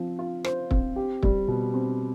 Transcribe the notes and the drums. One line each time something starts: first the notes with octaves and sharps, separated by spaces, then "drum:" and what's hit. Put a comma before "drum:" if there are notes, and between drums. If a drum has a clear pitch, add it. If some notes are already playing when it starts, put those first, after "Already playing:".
Already playing: F3 C4
F4
C5, drum: rim click
C4, drum: kick
G4
G3, drum: kick
B2
C4